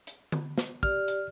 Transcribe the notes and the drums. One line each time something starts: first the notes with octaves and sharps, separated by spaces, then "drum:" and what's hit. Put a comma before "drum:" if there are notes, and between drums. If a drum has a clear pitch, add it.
drum: hi-hat
drum: tom D3
drum: snare
G4 D5 F6, drum: kick
drum: hi-hat